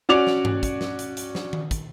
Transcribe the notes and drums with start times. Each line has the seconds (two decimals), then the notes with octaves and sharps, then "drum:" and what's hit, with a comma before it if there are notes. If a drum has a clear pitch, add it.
0.09 C#4 F#4 D5 D6 F7
0.27 drum: snare
0.45 drum: tom G2
0.63 drum: kick, hi-hat
0.81 drum: snare
0.99 drum: hi-hat
1.17 drum: hi-hat
1.35 drum: snare
1.53 drum: tom D#3
1.71 drum: kick, hi-hat